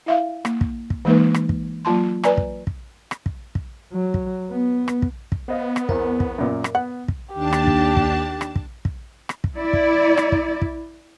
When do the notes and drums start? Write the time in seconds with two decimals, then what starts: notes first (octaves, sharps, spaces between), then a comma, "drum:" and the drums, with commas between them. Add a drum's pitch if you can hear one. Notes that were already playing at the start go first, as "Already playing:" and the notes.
0.06 E4 E5 F5
0.45 A#3, drum: rim click
0.61 drum: kick
0.90 drum: kick
1.05 E3 G#3 A#3 D#4 B4
1.34 drum: rim click
1.49 drum: kick
1.85 F#3 A#3 F4 A5 C6
2.23 B4 D5 G#5 A#5, drum: rim click
2.37 drum: kick
2.67 drum: kick
3.11 drum: rim click
3.26 drum: kick
3.55 drum: kick
3.93 F#3
4.14 drum: kick
4.51 B3
4.88 drum: rim click
5.02 drum: kick
5.32 drum: kick
5.48 B3 C5 D#5 F5
5.76 drum: rim click
5.89 E2 C4 A#4, drum: kick
6.20 drum: kick
6.38 F#2 A#2
6.64 drum: rim click
6.75 B3 F#5
7.08 drum: kick
7.33 D#2 D4 G4 A5
7.53 drum: rim click
7.67 drum: kick
7.97 drum: kick
8.41 drum: rim click
8.56 drum: kick
8.85 drum: kick
9.29 drum: rim click
9.44 drum: kick
9.56 E4 D5
9.73 drum: kick
10.17 drum: rim click
10.32 drum: kick
10.62 drum: kick